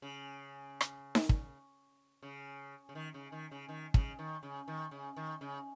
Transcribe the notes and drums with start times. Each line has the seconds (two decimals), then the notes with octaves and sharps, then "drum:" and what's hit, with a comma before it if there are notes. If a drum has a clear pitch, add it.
0.02 C#3
0.81 drum: rim click
1.15 drum: snare D#4
1.29 drum: kick
2.22 C#3
2.89 C#3
2.95 D#3
3.14 C#3
3.32 D#3
3.51 C#3
3.69 D#3
3.94 C#3, drum: kick
4.19 D#3
4.43 C#3
4.68 D#3
4.91 C#3
5.17 D#3
5.41 C#3